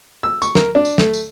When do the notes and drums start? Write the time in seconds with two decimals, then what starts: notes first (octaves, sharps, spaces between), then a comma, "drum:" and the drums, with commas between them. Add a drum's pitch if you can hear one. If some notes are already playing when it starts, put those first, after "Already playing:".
0.23 E6
0.42 C#6, drum: tambourine
0.55 A#4, drum: snare
0.75 D4
0.85 drum: tambourine
0.98 A3, drum: snare
1.13 drum: tambourine